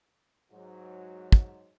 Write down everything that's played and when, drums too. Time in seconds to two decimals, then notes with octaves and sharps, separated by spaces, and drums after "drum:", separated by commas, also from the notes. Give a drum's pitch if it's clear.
0.52 G#2 F#3
1.32 drum: kick